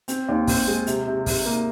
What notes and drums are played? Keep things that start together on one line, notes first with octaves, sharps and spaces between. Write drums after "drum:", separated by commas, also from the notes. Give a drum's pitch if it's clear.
C4, drum: hi-hat
D#2
C4, drum: kick, open hi-hat
G#3
C3, drum: hi-hat
C3
C3, drum: kick, open hi-hat
A#3